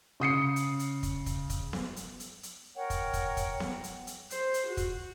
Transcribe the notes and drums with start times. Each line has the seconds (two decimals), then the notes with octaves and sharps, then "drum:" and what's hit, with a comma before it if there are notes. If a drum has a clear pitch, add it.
0.20 C#3 D#6 C7 C#7
0.56 drum: hi-hat
0.79 drum: hi-hat
1.03 drum: kick, hi-hat
1.26 drum: kick, hi-hat
1.50 drum: kick, hi-hat
1.73 drum: snare B3
1.96 drum: hi-hat
2.20 drum: hi-hat
2.43 drum: hi-hat
2.75 A#4 C#5 F#5 G5
2.90 drum: kick, hi-hat
3.13 drum: kick, hi-hat
3.37 drum: kick, hi-hat
3.60 drum: snare B3
3.84 drum: hi-hat
4.07 drum: hi-hat
4.30 C5, drum: hi-hat
4.54 drum: hi-hat
4.66 F#4
4.77 drum: kick, hi-hat